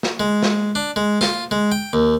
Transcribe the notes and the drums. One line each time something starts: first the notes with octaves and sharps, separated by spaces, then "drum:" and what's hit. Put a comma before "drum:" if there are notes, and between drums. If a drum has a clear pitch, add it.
drum: snare
G#3
drum: snare
D4
G#3
F4, drum: snare
G#3
G5
D#2